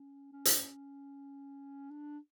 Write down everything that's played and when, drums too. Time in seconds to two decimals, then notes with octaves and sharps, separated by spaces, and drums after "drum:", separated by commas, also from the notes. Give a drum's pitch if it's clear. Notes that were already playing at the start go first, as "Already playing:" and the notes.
Already playing: C#4
0.33 C#4
0.45 drum: hi-hat
1.91 D4